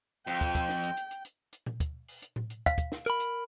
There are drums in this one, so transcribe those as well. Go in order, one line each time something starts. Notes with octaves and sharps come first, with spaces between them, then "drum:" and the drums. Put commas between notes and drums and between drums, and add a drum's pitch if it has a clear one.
F2 G5, drum: hi-hat
drum: kick, hi-hat
drum: kick, hi-hat
drum: snare
drum: hi-hat
drum: hi-hat
drum: hi-hat
drum: hi-hat
drum: hi-hat
drum: tom A#2
drum: kick, hi-hat
drum: open hi-hat
drum: hi-hat
drum: tom A2
drum: hi-hat
F5, drum: kick, hi-hat
drum: kick, hi-hat
drum: snare
A#4 B5, drum: hi-hat
drum: hi-hat